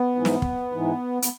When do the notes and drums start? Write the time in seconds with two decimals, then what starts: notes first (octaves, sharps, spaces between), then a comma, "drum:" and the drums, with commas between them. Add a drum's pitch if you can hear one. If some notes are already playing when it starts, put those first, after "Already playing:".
Already playing: B3
0.15 G#2 E3
0.25 drum: snare
0.42 drum: kick
0.72 G#2 E3
1.22 B3, drum: hi-hat